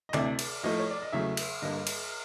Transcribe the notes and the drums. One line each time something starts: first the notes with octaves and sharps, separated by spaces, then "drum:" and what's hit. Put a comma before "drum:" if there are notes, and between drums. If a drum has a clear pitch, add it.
D#5
D2 C3 E3 D5, drum: clap
drum: cymbal
A2 F3 A3 D#5
C#5
D5
D#5
E2 C#3 F#3 A3 E5
drum: cymbal
G2 D3 G3 A#3 D#5
drum: cymbal